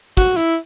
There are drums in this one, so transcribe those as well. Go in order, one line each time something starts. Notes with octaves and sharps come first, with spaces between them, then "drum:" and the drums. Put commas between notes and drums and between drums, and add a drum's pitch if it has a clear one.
F#4, drum: kick, hi-hat
E4, drum: hi-hat